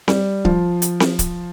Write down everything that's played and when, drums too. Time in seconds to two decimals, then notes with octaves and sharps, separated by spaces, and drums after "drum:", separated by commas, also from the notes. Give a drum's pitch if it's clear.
0.08 G3, drum: snare C4
0.45 F3, drum: kick C#1
0.82 drum: hi-hat
1.00 drum: snare C4
1.19 drum: kick C#1, hi-hat